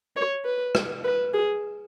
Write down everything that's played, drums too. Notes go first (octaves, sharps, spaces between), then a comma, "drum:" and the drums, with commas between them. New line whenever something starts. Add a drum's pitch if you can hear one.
C#5
B4
drum: rim click
B4
G#4